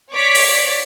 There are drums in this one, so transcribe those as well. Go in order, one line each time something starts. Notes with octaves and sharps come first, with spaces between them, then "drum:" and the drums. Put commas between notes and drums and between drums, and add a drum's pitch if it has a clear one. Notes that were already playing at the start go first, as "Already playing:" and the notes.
C#5 D5 D6 B6
drum: open hi-hat